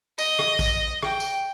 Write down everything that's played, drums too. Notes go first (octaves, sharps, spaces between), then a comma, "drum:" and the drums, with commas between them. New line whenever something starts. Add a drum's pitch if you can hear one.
D#5, drum: tambourine
drum: rim click
drum: kick, tambourine
G5, drum: rim click
drum: tambourine